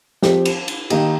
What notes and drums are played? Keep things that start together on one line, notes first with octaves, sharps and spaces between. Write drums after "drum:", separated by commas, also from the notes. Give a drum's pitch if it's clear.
F3 C4 G4, drum: snare
drum: cymbal
drum: cymbal
D#3 A#3 D#4 G4, drum: cymbal